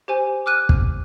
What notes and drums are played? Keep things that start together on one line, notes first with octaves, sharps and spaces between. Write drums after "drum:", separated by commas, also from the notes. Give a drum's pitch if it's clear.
G4 C5 G#5
D6 F6 F#6 D#7
drum: kick